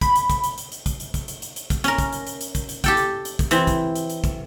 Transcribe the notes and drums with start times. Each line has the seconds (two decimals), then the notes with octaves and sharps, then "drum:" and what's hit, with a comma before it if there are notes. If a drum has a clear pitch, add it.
0.01 B5, drum: kick, hi-hat
0.16 drum: hi-hat
0.30 drum: kick, hi-hat
0.44 drum: hi-hat
0.58 drum: hi-hat
0.72 drum: hi-hat
0.86 drum: kick, hi-hat
1.00 drum: hi-hat
1.14 drum: kick, hi-hat
1.28 drum: hi-hat
1.42 drum: hi-hat
1.56 drum: hi-hat
1.70 drum: kick, hi-hat
1.84 C#4 A#4, drum: hi-hat
1.98 drum: kick, hi-hat
2.13 drum: hi-hat
2.27 drum: hi-hat
2.41 drum: hi-hat
2.55 drum: kick, hi-hat
2.69 drum: hi-hat
2.84 G4 A4 G5, drum: kick, hi-hat
2.97 drum: hi-hat
3.25 drum: hi-hat
3.39 drum: kick, hi-hat
3.51 E3 C4, drum: hi-hat
3.67 drum: kick, hi-hat
3.96 drum: hi-hat
4.10 drum: hi-hat
4.24 drum: kick, hi-hat